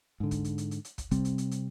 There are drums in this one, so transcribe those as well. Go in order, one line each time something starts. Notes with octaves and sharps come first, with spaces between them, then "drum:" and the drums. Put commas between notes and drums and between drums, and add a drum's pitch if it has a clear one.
G#2 D3
drum: kick, hi-hat
drum: hi-hat
drum: hi-hat
drum: hi-hat
drum: hi-hat
drum: kick, hi-hat
C3 G3 C4, drum: kick, hi-hat
drum: hi-hat
drum: hi-hat
drum: hi-hat